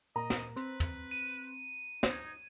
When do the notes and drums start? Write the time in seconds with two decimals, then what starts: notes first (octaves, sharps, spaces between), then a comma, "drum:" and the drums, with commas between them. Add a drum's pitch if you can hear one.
0.16 A#2 D#5 A#5
0.30 drum: snare
0.56 C4 B4, drum: hi-hat
0.80 drum: tom
1.11 D#7
2.03 D#4 G#6, drum: snare